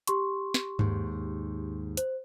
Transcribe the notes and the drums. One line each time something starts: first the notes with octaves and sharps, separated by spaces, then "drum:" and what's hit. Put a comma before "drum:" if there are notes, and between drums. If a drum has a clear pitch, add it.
G4 C6 C#6, drum: hi-hat
drum: snare
D#2 G#2, drum: tom G2
C5, drum: hi-hat